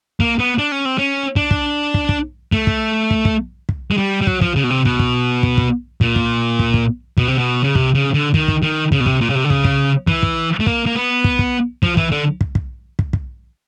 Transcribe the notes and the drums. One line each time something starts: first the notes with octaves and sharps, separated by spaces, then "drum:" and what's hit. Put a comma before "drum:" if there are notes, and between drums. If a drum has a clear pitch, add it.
A#3, drum: kick
B3
D4
C#4
C4
C#4
D4, drum: kick
drum: kick
drum: kick
drum: kick
A3, drum: kick
drum: kick
drum: kick
drum: kick
drum: kick
G#3
G3
G3
F#3, drum: kick
F3, drum: kick
C#3
B2
C3
B2, drum: kick
drum: kick
drum: kick
drum: kick
A#2, drum: kick
drum: kick
drum: kick
drum: kick
B2, drum: kick
C3
B2
C#3
C3, drum: kick
C#3
D3
D#3, drum: kick
drum: kick
D#3
C#3, drum: kick
B2
C3, drum: kick
A#2
C#3
C3
D3
C#3, drum: kick
drum: kick
E3, drum: kick
drum: kick
A3
A#3, drum: kick
A#3
B3
drum: kick
drum: kick
F3, drum: kick
E3, drum: kick
D3
drum: kick
drum: kick
drum: kick
drum: kick